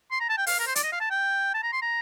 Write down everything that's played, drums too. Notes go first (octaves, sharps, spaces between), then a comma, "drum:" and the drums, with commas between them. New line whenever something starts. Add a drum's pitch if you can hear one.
C6
A#5
A5
G5
F5, drum: open hi-hat
A#4
C5
D5, drum: hi-hat
D#5
F5
A5
G5
A5
A#5
C6
A#5